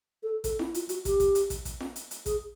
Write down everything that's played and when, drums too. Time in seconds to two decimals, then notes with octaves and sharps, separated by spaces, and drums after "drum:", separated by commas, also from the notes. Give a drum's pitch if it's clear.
0.23 A4
0.44 A4, drum: kick, hi-hat
0.59 E4, drum: snare
0.74 F4, drum: hi-hat
0.89 F#4, drum: hi-hat
1.05 G4, drum: kick, hi-hat
1.20 drum: kick, hi-hat
1.35 drum: hi-hat
1.50 drum: kick, hi-hat
1.65 drum: kick, hi-hat
1.80 drum: snare
1.96 drum: hi-hat
2.11 drum: hi-hat
2.26 G#4, drum: kick, hi-hat